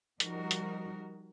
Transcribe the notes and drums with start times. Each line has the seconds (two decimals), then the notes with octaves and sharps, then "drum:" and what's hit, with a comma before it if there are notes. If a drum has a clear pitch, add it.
0.20 F3 G3 D#4 F#4 A#4, drum: hi-hat
0.51 drum: hi-hat